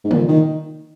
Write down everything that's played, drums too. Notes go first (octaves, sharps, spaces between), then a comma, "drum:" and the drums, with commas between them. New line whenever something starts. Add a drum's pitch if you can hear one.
G#2
A#2, drum: tom
D#3